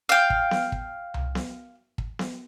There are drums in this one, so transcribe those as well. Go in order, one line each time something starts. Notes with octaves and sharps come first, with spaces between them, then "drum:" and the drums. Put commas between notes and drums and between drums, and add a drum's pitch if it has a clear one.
F5 G5
drum: kick
drum: snare B3
drum: kick
drum: tom C2
drum: snare B3
drum: kick
drum: snare B3